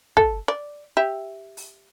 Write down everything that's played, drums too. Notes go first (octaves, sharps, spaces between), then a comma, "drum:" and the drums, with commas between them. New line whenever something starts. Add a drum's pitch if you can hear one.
A4, drum: kick
D5
G4 E5
drum: open hi-hat